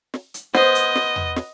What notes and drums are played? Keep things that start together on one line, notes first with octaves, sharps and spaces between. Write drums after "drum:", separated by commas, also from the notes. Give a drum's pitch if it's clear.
drum: snare
drum: hi-hat
B3 C5 D#5, drum: snare
drum: hi-hat
drum: snare
drum: tom E2
drum: snare